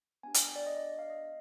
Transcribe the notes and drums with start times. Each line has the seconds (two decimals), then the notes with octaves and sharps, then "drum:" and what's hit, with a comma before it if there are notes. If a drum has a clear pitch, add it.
0.23 B3 D4 G4 G#5
0.34 G5, drum: hi-hat
0.56 D5
0.67 D#5
0.77 D#5
0.99 F5
1.10 D#5